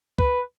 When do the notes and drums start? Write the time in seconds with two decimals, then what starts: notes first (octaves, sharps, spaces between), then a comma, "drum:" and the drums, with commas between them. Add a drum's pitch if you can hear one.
0.19 B4, drum: kick